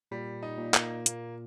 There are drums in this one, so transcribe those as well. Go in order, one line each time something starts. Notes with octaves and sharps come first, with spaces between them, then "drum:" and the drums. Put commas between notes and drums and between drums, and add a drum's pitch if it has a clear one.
A#2 G3
D#4
A#2
A#3, drum: clap
A#3, drum: hi-hat